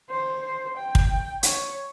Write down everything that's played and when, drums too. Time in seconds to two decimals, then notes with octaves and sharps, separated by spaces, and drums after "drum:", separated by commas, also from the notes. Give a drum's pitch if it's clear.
0.10 C5
0.77 G5
0.95 drum: kick
1.43 C#5, drum: hi-hat